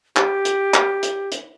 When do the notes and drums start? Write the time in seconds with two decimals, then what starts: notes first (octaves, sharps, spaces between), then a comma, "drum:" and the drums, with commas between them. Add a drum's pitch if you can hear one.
0.16 G4, drum: clap
0.45 drum: hi-hat
0.74 drum: clap
1.03 drum: hi-hat
1.32 drum: hi-hat